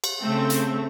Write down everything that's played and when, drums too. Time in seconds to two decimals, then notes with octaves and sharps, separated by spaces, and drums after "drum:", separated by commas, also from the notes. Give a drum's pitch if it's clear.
0.04 drum: cymbal
0.22 C#3 A3 C4
0.50 drum: hi-hat